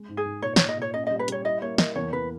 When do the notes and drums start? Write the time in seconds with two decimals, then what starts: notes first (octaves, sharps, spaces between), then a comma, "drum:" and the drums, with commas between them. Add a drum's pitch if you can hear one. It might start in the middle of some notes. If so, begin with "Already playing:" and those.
Already playing: G#3
0.09 G#2
0.17 G#4
0.25 G#2
0.42 A#2 C#5
0.56 A#2 C#5, drum: snare
0.69 D#5
0.77 A#2 C#5
0.94 C#4 D#5
1.07 G3 D#5
1.19 B4
1.28 G3 C#5, drum: hi-hat
1.44 E4 D#5
1.62 A#3 C#5
1.78 A#3 D#5, drum: snare
1.96 E2 C#5
2.12 E2 B4